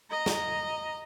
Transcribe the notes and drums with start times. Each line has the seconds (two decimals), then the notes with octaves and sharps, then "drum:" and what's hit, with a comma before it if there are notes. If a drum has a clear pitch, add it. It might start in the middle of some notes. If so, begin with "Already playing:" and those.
0.11 D#5 A#5
0.26 drum: snare